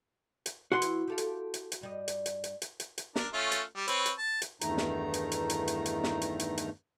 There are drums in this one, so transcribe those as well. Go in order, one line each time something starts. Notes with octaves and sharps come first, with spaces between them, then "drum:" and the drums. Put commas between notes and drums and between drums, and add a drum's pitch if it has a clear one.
drum: hi-hat
E3 B3 E4 F#4 F#5 C6
drum: hi-hat
G4 A4 F5
drum: hi-hat
drum: hi-hat
drum: hi-hat
G2 G3 D#5
drum: hi-hat
drum: hi-hat
drum: hi-hat
drum: hi-hat
drum: hi-hat
drum: hi-hat
D4 A#4, drum: snare
A3 C#4 F4
drum: hi-hat
G3
C4 B4 C#5, drum: hi-hat
drum: hi-hat
A5
drum: hi-hat
E2 G2 D#3 A3 D#4 A#5, drum: hi-hat
drum: snare
drum: hi-hat
drum: hi-hat
drum: hi-hat
drum: hi-hat
drum: hi-hat
drum: snare
drum: hi-hat
drum: hi-hat
drum: hi-hat